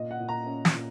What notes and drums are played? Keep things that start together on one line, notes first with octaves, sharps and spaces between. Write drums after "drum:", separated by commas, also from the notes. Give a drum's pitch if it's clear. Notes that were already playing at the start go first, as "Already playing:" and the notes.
Already playing: A#2 A#3 D#5
F#5
A#2
A#5
C#4
drum: snare
A#2